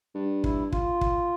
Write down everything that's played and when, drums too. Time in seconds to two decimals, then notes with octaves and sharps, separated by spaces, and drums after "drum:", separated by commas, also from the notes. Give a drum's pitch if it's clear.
0.15 G2
0.44 E4, drum: kick
0.72 F4, drum: kick
1.01 drum: kick